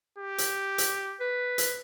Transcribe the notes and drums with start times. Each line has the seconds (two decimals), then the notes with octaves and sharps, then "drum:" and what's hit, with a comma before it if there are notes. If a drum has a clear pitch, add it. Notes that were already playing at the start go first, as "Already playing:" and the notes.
0.18 G4
0.38 drum: hi-hat
0.78 drum: hi-hat
1.20 B4
1.58 drum: hi-hat